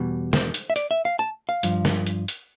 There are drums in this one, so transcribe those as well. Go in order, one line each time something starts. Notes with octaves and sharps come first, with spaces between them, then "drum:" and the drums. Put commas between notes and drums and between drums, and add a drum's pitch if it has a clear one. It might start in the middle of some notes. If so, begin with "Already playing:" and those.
Already playing: E2 B2 G3
C5, drum: snare
drum: hi-hat
E5
D5, drum: hi-hat
E5
F5
A5
F5
G2 F3, drum: hi-hat
drum: snare
drum: hi-hat
drum: hi-hat